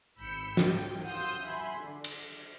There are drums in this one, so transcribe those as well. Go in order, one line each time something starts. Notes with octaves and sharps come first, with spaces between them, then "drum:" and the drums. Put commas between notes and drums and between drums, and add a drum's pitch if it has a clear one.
G#1 B5 E6 G6 C#7
G5, drum: snare
F5 F#5 C6 D#6 E6 G6
E5 F#5 G#5 B5 C6
D3
drum: cymbal